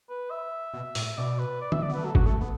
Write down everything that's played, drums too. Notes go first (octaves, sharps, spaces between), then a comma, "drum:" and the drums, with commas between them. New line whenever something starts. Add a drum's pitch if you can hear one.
B4
E5
B2
A2, drum: open hi-hat
B2 D5
B4
D5
E5, drum: tom D3
D5
B3
A3 B4
F#3 A4
F#4, drum: kick
A3 A4
B3